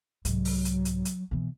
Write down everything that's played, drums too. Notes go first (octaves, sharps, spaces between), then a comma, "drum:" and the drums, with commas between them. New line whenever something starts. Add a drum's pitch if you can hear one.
C2 G#2 F#3, drum: hi-hat
drum: open hi-hat
drum: hi-hat
drum: hi-hat
drum: hi-hat
B2 E3